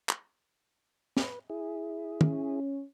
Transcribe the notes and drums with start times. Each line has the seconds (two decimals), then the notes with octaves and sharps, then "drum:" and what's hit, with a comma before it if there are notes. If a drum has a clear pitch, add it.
0.09 drum: clap
1.17 B4, drum: snare
1.50 E4 G#4
2.21 C#4, drum: tom